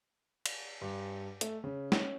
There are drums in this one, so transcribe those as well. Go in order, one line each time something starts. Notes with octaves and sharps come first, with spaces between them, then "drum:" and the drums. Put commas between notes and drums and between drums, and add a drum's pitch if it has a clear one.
drum: cymbal
G2
A3, drum: hi-hat
C#3
C#4, drum: snare